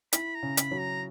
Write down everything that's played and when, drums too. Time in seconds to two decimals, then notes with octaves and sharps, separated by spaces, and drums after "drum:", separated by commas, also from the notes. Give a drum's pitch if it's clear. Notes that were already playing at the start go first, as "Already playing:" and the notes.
0.13 E4 B5, drum: hi-hat
0.35 A#5
0.43 C#3
0.57 B5, drum: hi-hat
0.71 F#3
0.79 A#5